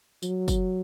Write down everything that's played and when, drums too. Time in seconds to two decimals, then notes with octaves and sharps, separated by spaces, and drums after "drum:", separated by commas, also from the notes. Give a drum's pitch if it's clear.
0.23 F#3, drum: tambourine
0.48 drum: kick, tambourine